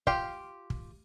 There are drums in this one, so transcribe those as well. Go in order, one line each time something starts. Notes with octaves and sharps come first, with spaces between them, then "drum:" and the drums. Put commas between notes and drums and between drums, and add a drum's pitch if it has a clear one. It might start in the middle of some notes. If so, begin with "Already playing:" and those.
F4 G4 F5, drum: kick
drum: kick